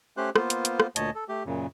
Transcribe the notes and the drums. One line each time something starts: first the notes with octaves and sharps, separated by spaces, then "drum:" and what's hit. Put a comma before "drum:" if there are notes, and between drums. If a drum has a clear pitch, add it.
A3 C#4 G4 C5 F#6
A#3 B3 F4 C5, drum: rim click
drum: hi-hat
drum: hi-hat
drum: rim click
D2 A#2 C#5 D#5 A5, drum: hi-hat
A4
A3 G4
F#2 A#2 C#3